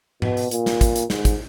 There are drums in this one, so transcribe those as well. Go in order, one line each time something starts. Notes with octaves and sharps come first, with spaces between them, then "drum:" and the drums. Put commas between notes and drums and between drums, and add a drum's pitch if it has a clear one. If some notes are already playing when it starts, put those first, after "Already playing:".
B2, drum: tom G#2
drum: open hi-hat
A#2, drum: hi-hat
drum: snare
drum: kick, hi-hat
drum: hi-hat
G#2, drum: snare
drum: kick, hi-hat